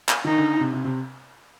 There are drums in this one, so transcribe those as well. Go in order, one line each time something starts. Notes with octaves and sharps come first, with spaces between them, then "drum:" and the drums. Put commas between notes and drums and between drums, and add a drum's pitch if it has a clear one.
drum: clap
D#3 D#4
D3
C3
C3
C3